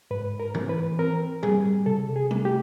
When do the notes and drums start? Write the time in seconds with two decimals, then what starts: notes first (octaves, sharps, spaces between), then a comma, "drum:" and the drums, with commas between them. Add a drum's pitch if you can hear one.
0.11 G#2 B4
0.40 A#4
0.54 E3, drum: tom A2
0.69 B4
0.99 C4 A#4
1.43 G3 G#4, drum: tom A2
1.86 C3 A4
2.16 G#4
2.31 A3, drum: tom G3
2.45 G4